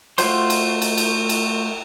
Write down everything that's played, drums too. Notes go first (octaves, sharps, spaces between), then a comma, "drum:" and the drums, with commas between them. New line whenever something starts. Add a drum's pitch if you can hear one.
A3 F4 F#4 C5 C6, drum: cymbal
drum: cymbal
drum: cymbal
drum: cymbal
drum: cymbal